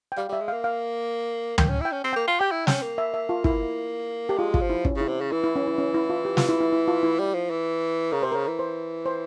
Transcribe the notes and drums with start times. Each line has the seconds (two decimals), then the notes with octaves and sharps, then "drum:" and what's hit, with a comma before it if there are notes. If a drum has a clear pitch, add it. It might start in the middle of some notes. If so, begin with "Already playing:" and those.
0.12 G5
0.17 G3 F5
0.29 G3 E5
0.40 G#3
0.48 F5
0.53 A#3
0.64 F5
1.58 A#3 G5, drum: tom
1.69 C#4
1.81 E4 G5
1.92 C#4
2.04 C4
2.13 A#3 G5
2.27 F4
2.40 G4 G5
2.51 E4
2.67 C#4 G5, drum: snare
2.82 A#3
2.98 E5
3.14 E5
3.29 F4
3.44 A#3 E4, drum: kick
4.29 G4
4.38 G#3 F4
4.54 F4, drum: kick
4.61 F3
4.70 E4
4.85 C#4, drum: kick
4.96 C#3 E4
5.08 C3
5.21 C#3
5.32 E3 E4
5.44 E4
5.56 C#4
5.67 E4
5.78 C#4
5.94 E4
6.10 F4
6.25 G4
6.37 F4, drum: snare
6.49 E4
6.61 E4
6.72 E4
6.88 F4
7.03 E4
7.19 G3
7.34 F3
7.50 E3
8.12 C#3 A#4
8.23 C3 C5
8.32 A#4
8.36 C#3
8.48 E3
8.59 C5
9.06 C5